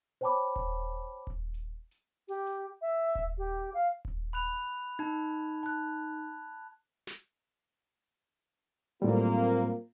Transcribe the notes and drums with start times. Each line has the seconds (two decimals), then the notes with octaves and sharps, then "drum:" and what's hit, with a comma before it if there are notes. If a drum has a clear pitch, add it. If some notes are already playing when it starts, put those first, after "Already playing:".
0.21 C5 C#5 G5 A5 B5 D6
0.56 drum: kick D#1
1.27 drum: kick D#1
1.54 drum: hi-hat
1.91 drum: hi-hat
2.28 G4, drum: open hi-hat
2.46 drum: hi-hat
2.82 E5
3.15 drum: kick D#1
3.38 G4
3.74 F5
4.05 drum: kick D#1
4.33 B5 F#6 F7
4.99 D#4 A5 G#6
5.63 A5 F#6
7.07 drum: snare
9.02 A2 F#3 G3 A#3 C4 F4